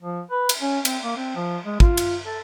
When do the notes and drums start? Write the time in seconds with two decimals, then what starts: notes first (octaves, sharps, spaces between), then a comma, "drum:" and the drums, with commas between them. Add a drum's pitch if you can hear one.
0.01 F3
0.31 B4
0.49 drum: cymbal
0.62 C#4
0.85 C4, drum: cymbal
1.03 A#3
1.17 C4
1.36 F3
1.65 G#3
1.80 F4, drum: kick
1.97 drum: cymbal
2.25 A4